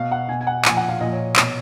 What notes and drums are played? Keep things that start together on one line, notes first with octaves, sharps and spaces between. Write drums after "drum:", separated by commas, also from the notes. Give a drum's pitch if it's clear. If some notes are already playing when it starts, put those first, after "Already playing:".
Already playing: B2 F5
F#5
B2 G#5
G#5
F#5
A#2 F3 G#5, drum: clap
F#5
F5
A#2 F3 D#5
C#5
B2 C#5, drum: clap